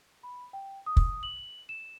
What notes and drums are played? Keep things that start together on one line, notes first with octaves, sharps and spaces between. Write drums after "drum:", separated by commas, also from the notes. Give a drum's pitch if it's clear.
B5
G5
D#6
drum: kick
F#7
E7